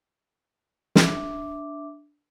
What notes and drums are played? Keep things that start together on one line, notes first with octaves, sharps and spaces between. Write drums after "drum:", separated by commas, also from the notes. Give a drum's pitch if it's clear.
D4 E5 D6, drum: snare